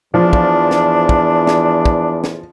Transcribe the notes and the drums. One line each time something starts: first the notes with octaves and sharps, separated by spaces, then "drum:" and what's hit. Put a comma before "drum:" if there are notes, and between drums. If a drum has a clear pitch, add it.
E2 F3 D4
drum: kick
drum: snare
drum: kick
drum: snare
drum: kick
drum: snare